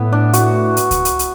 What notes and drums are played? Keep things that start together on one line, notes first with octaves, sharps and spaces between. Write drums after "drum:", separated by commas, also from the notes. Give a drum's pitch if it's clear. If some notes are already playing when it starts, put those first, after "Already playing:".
Already playing: A2 B3 E4
D4
F#4, drum: hi-hat
drum: hi-hat
drum: kick C#2, hi-hat
drum: hi-hat
drum: hi-hat